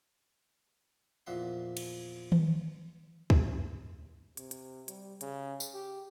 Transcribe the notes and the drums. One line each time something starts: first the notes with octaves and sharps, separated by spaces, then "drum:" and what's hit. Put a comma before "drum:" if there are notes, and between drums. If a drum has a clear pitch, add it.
E2 A#2 F3 E5 F#5 C6
drum: cymbal
drum: tom D#3
drum: kick
C3, drum: hi-hat
drum: hi-hat
G3, drum: hi-hat
C#3, drum: hi-hat
drum: tambourine
G4